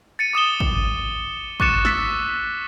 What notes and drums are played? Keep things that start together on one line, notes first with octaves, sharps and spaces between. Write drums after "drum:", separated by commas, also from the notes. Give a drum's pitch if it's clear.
A6 C#7 D#7
D6 D#6 E7 G7
drum: kick
C#6 D6 F#6 A6 C#7 E7, drum: kick
E6 A6 B6, drum: snare